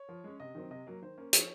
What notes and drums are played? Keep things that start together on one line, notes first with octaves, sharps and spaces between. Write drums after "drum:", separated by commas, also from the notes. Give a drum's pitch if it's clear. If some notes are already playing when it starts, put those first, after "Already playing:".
Already playing: C#5
F3
G#3 C#4
C3 D#5
D#3 F#3 C4
C3 D#5
F#3 A#3
D#3 C5
A#3 C#4
F3 C#5, drum: hi-hat